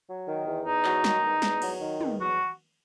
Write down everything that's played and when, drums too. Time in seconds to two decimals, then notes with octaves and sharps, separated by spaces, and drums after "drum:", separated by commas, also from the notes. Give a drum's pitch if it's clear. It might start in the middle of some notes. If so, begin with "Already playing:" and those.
0.08 F#3
0.27 D#3
0.46 E2
0.65 E2 D#4
0.85 F#3, drum: clap
1.04 D#3, drum: snare
1.23 E2
1.42 E2, drum: snare
1.62 F#3, drum: cymbal
1.81 D#3
2.01 E2, drum: tom
2.19 F#3 F#4